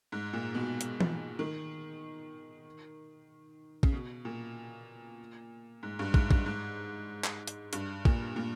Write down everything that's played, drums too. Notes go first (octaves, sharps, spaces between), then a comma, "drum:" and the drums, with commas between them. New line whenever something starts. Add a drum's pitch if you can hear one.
G#2
A#2
B2
drum: hi-hat
drum: tom E3
D#3
C#3, drum: kick
B2
A#2
G#2
G2
G#2, drum: kick
G2, drum: kick
G#2
drum: clap
drum: hi-hat
G2, drum: hi-hat
A#2, drum: kick
A#2